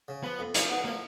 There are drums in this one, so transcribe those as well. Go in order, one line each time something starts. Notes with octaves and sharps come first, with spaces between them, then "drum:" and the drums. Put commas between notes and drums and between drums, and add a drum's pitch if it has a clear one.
C#3
F3 B3
F2
F3, drum: hi-hat
B3
F3 A#3